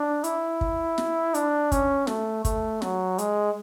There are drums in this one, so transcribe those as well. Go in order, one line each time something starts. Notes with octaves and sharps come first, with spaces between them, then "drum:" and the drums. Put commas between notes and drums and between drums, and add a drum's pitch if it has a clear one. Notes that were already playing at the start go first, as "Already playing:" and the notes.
Already playing: D4
E4, drum: hi-hat
drum: kick
drum: snare
D4, drum: hi-hat
C#4, drum: kick, hi-hat
A3, drum: snare
A3, drum: kick, hi-hat
F#3, drum: snare
G#3, drum: hi-hat